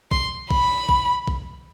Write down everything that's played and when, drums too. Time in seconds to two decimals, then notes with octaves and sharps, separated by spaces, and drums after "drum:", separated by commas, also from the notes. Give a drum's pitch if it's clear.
0.11 C6, drum: kick A#1
0.51 B5, drum: kick A#1
0.89 drum: kick A#1
1.28 drum: kick A#1